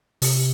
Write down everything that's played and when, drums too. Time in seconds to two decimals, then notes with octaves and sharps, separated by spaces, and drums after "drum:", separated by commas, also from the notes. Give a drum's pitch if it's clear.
0.22 C3, drum: open hi-hat